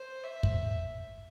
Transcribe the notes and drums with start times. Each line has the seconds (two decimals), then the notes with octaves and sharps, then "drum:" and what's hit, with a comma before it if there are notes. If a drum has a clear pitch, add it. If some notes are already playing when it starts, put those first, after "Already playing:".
Already playing: C5
0.24 E5
0.43 drum: kick